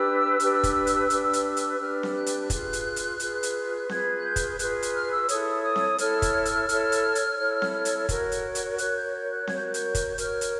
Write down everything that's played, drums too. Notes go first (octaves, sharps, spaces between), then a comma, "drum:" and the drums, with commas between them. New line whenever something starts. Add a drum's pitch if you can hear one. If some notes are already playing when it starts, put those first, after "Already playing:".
Already playing: D4 G4 B4 E6
D4 G4 B4, drum: hi-hat
drum: kick, hi-hat
drum: hi-hat
D4 G4 B4, drum: hi-hat
drum: hi-hat
drum: hi-hat
D4 G4 B4 F6
drum: snare C4
F#6
drum: hi-hat
F4 G#4 B4, drum: kick, hi-hat
drum: hi-hat
drum: hi-hat
F4 G#4 B4, drum: hi-hat
drum: hi-hat
F4 G#4 B4 G#6, drum: snare C4
F#6
G6
drum: kick, hi-hat
F4 G#4 B4 F#6, drum: hi-hat
drum: hi-hat
F6
E6
E4 A4 C#5 D#6, drum: hi-hat
D#6
drum: snare C4
E4 A4 C#5 F6, drum: hi-hat
drum: kick, hi-hat
drum: hi-hat
E4 A4 C#5, drum: hi-hat
drum: hi-hat
drum: hi-hat
E4 A4 C#5
drum: snare C4
drum: hi-hat
F#4 A#4 C#5, drum: kick, hi-hat
drum: hi-hat
drum: hi-hat
F#4 A#4 C#5 F#6, drum: hi-hat
G6
G6
F#6
F#4 A#4 C#5 G#6, drum: snare C4
G6
F#6
G6, drum: hi-hat
drum: kick, hi-hat
F#4 A#4 C#5 F6, drum: hi-hat
drum: hi-hat